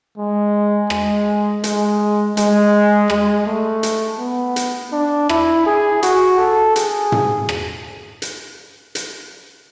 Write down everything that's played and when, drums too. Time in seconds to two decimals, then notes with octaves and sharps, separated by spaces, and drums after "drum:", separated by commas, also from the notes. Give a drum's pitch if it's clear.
0.18 G#3
0.90 G#3, drum: rim click
1.64 G#3, drum: hi-hat
2.37 G#3, drum: hi-hat
3.10 G#3, drum: rim click
3.47 A3
3.83 drum: hi-hat
4.19 B3
4.56 drum: hi-hat
4.92 D4
5.29 E4, drum: rim click
5.66 G#4
6.03 F#4, drum: hi-hat
6.38 A4
6.76 G#4, drum: hi-hat
7.12 drum: tom
7.49 drum: rim click
8.22 drum: hi-hat
8.95 drum: hi-hat